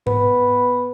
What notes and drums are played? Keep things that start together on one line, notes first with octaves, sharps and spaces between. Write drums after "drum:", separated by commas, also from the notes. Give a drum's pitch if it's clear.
B3, drum: tom G#2